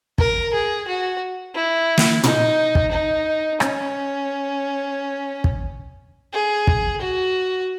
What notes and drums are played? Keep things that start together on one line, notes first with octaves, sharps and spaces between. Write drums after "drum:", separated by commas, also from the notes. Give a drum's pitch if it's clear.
A#4, drum: kick
G#4
F#4
E4
drum: snare
D#4, drum: tom
drum: kick
D#4
C#4, drum: rim click
drum: kick
G#4
drum: kick
F#4